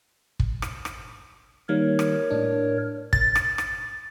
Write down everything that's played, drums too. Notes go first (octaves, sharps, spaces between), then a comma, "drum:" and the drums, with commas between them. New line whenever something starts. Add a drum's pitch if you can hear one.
drum: kick
drum: rim click
drum: rim click
D#3 G3 A#3 A#4 C#5
drum: rim click
A2 D4
A6, drum: kick
drum: rim click
drum: rim click